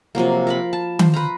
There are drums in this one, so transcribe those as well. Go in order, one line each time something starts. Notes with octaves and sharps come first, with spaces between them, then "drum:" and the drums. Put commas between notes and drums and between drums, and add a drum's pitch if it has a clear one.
C3 F3 F#3 A#3
A#4 F5 B5
A5
C5, drum: tom D#3
B4 F5 A#5